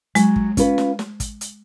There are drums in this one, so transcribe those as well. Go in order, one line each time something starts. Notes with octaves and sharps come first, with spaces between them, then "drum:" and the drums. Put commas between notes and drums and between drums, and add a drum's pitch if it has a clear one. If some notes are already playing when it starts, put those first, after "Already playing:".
F#3 G#3, drum: hi-hat
drum: kick
C#4 F4 B4, drum: kick, hi-hat
drum: snare
drum: snare
drum: kick, hi-hat
drum: hi-hat